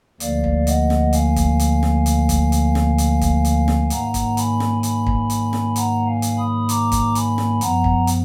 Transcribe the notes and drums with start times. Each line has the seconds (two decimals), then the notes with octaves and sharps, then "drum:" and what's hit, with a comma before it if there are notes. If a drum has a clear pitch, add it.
0.20 D2 D3 F3 A#3 D5 F5, drum: hi-hat
0.44 drum: kick
0.67 D#5 F#5, drum: hi-hat
0.90 drum: snare
1.13 F5 G#5, drum: hi-hat
1.36 drum: kick, hi-hat
1.59 drum: hi-hat
1.83 drum: snare
2.06 drum: hi-hat
2.29 drum: kick, hi-hat
2.52 drum: hi-hat
2.75 drum: snare
2.98 drum: hi-hat
3.21 drum: kick, hi-hat
3.45 drum: hi-hat
3.68 drum: snare
3.90 G#2 D#3 F#3 A#3 F#5 A#5, drum: hi-hat
4.14 drum: kick, hi-hat
4.37 G#5 B5, drum: hi-hat
4.60 drum: snare
4.83 G#5 B5, drum: hi-hat
5.07 drum: kick
5.30 drum: hi-hat
5.53 drum: snare
5.76 F#5 A#5, drum: hi-hat
6.07 F5 G#5
6.22 drum: hi-hat
6.37 B5 D#6
6.69 A#5 D6, drum: hi-hat
6.92 drum: kick, hi-hat
7.15 G#5 B5, drum: hi-hat
7.38 drum: snare
7.61 F#2 F3 B3 F#5 A#5, drum: hi-hat
7.84 drum: kick
8.07 drum: hi-hat